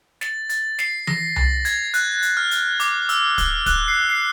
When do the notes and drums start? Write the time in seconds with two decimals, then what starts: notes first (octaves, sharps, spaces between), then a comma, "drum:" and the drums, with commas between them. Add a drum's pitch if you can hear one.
0.21 A6, drum: snare
0.49 A6, drum: hi-hat
0.79 C7, drum: snare
1.07 A#6, drum: tom E3
1.36 A6, drum: tom C2
1.65 G#6, drum: hi-hat
1.94 F#6, drum: hi-hat
2.22 drum: hi-hat
2.37 F6
2.51 drum: hi-hat
2.80 D6, drum: hi-hat
3.09 E6, drum: hi-hat
3.38 F6, drum: kick, hi-hat
3.66 F#6, drum: kick, hi-hat
3.88 C7
4.09 C7